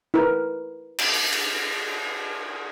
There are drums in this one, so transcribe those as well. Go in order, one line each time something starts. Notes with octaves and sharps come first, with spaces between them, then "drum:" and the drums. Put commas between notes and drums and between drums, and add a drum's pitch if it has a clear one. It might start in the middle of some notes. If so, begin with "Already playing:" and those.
E4 A#4 B4
drum: cymbal
drum: open hi-hat
drum: cymbal